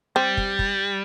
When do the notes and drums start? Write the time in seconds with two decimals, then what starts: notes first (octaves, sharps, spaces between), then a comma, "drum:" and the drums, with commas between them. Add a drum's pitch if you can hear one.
0.16 G3 C4
0.37 drum: kick
0.59 drum: kick